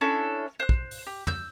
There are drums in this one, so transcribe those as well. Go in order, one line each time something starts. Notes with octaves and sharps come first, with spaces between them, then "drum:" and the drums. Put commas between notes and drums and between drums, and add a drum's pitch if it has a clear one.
C#4 D4 E4 A4
C5 F#6
drum: kick
drum: open hi-hat
G4
E6 G6, drum: tom